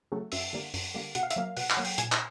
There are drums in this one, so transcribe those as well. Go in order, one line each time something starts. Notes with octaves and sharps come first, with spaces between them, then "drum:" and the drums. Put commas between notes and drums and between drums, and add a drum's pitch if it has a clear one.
C#3 F#3 A3
F#2 E5, drum: open hi-hat
D3 G3 A#3
F#2, drum: open hi-hat
D3 G3 A#3
B2 F#5, drum: hi-hat
F5
E5, drum: hi-hat
F#3 A#3 F5
B2 F#5, drum: open hi-hat
F#5, drum: clap
F#3 A#3
G5, drum: open hi-hat
A#2 G#5, drum: hi-hat
drum: clap